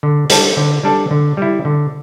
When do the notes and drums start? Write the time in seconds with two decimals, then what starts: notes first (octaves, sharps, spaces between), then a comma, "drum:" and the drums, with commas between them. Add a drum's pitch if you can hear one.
0.03 D3
0.30 G3 D4 A4, drum: hi-hat
0.57 D3
0.84 G3 D4 A4
1.11 D3
1.37 G3 E4
1.65 D3